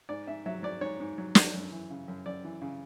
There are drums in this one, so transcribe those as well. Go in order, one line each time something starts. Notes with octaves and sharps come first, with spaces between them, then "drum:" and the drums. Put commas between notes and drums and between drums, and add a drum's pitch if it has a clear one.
G#2 D5
G#2 E5
F#3 E5
F#3 D5
G#2 C#5
G#2
F#3
F#3, drum: snare
F#2
E3
C#3
F#2
F#2 D5
E3
C#3